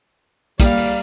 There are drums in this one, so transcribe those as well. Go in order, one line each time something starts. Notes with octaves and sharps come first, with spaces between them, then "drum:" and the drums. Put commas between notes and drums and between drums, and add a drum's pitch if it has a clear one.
G3 A#3 D5 F5, drum: kick, hi-hat
drum: open hi-hat